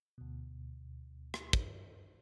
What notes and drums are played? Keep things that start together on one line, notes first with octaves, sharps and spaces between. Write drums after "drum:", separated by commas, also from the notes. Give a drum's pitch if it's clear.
D2 B2
drum: rim click
drum: kick